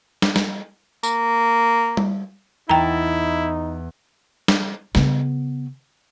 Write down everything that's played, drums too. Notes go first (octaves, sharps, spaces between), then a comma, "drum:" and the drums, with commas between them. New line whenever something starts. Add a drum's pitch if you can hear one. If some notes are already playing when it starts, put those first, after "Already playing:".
drum: snare
drum: snare
A#3, drum: tambourine
drum: tom G3
E2 D#4 E4 G5 A5 A#5
drum: snare
C#3 B3, drum: snare